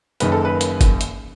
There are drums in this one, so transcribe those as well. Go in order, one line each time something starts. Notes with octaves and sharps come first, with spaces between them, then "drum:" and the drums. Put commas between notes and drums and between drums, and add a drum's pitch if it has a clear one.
F#1 F#2 D#3 B4, drum: hi-hat
A4
B4
drum: hi-hat
drum: kick F#1, hi-hat
drum: hi-hat